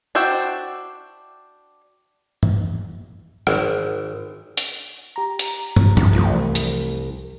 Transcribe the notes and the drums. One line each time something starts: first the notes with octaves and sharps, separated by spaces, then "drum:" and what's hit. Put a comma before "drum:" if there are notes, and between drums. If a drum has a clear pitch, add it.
D4 F#4 C5 E5 G5
drum: tom
G#1, drum: rim click
drum: hi-hat
G4 A#5
drum: hi-hat
drum: tom
D2, drum: tom
C2 E3 F3 A3
drum: hi-hat